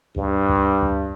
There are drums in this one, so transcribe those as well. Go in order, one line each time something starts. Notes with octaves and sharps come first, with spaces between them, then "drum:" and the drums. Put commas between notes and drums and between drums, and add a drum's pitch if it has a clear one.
G2, drum: kick C#2
drum: kick C#2
drum: kick C#2